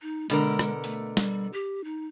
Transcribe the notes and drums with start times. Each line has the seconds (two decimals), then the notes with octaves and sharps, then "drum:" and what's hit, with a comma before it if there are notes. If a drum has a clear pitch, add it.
0.02 D#4
0.30 B2 D3 G#3 A#4, drum: hi-hat
0.59 drum: rim click
0.84 A3, drum: open hi-hat
1.17 G3, drum: snare
1.53 G4
1.84 D#4